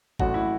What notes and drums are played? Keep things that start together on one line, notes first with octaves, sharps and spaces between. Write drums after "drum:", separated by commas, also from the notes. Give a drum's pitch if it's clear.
A1 A2 F#3 F#4, drum: kick
E4